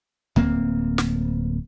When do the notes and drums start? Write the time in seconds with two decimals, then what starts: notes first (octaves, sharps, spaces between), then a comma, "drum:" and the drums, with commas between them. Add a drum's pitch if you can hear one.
0.36 D1 A#3 C4, drum: tom D2
0.98 drum: snare